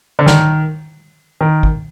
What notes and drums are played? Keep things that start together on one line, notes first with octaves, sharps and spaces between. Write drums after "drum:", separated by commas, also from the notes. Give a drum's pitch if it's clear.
D3
D#3, drum: snare
D#3
drum: kick